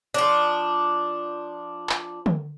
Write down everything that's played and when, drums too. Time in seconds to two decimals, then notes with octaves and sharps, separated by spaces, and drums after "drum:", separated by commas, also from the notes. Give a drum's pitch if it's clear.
0.14 F3 D4
1.89 drum: clap
2.26 drum: tom